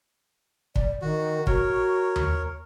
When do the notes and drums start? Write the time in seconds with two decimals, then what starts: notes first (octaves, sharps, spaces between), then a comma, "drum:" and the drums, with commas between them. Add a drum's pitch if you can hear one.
0.76 D5, drum: kick
1.01 D#3 F#4
1.47 F#4 A#4 C#5, drum: kick
2.16 drum: tom D#2